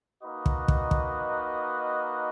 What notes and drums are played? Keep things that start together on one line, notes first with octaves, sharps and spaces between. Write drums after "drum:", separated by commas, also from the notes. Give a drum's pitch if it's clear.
A#3 D#4 F#4 B4 D#5
drum: kick
drum: kick
drum: kick